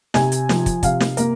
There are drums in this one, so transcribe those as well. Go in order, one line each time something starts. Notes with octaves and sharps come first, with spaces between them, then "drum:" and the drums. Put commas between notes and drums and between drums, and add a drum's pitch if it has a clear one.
C3 G#5, drum: snare
drum: hi-hat
F3, drum: snare
drum: kick, hi-hat
C3 F5, drum: kick, hi-hat
drum: snare
A#3 A#4, drum: hi-hat